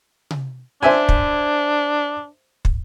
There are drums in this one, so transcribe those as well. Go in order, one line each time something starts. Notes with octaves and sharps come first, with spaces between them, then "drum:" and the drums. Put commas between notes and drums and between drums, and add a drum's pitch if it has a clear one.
drum: tom C3
D4 C5 E5 G#5
drum: kick
drum: kick